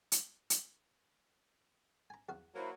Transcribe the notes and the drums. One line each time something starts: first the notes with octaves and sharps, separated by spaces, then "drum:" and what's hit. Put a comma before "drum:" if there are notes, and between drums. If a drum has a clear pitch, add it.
drum: hi-hat
drum: hi-hat
G#5 A#5
E2 F#4 F5
F#3 A#3 E4 C5 B5